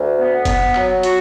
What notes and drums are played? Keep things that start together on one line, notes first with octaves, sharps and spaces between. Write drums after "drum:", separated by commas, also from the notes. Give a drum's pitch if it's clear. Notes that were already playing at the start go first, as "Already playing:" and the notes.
Already playing: D2
B3
B3, drum: kick F1, hi-hat
F#3, drum: clap
F#4, drum: hi-hat